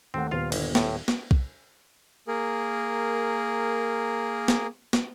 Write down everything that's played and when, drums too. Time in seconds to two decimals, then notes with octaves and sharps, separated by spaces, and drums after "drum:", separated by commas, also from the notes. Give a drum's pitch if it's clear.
0.14 D#2 A3 C4 F#5
0.31 D#1 B3 F4 B4 F5
0.52 G1, drum: cymbal
0.75 A2, drum: snare
1.08 drum: snare
1.31 drum: kick B1
2.28 A#3 G#4 A#4
4.48 drum: snare
4.93 drum: snare